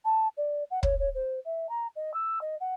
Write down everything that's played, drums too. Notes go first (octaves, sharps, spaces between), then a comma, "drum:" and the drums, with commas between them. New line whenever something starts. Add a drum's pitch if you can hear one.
A5
D5
F#5
C#5, drum: kick
C#5
C5
E5
A#5
D#5
E6
D#5
F#5